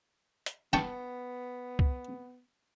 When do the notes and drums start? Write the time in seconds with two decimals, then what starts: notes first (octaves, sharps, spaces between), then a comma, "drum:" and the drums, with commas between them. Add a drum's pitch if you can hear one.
0.46 drum: hi-hat
0.73 B3 G5 A5 C#6, drum: snare
1.79 drum: kick